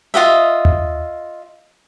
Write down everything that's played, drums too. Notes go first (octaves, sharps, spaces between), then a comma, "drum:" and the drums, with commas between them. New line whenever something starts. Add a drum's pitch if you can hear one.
F4 F#4 D#5 E5
drum: tom D#2